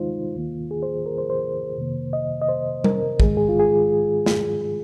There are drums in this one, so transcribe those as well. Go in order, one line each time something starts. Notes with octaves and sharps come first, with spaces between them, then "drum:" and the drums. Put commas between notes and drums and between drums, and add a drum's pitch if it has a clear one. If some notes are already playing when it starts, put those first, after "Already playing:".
Already playing: D#2 D#3 G#3 D#4 F4 C5
D#2 D#3 A#3
G#4
C5
A#4
C5
C5
F2 C3 D#3 A#3
D#5
D#5
C5
A#4, drum: tom G3
G#2 D#3 G#3 G#4, drum: kick
G#4
F4
G#4
drum: snare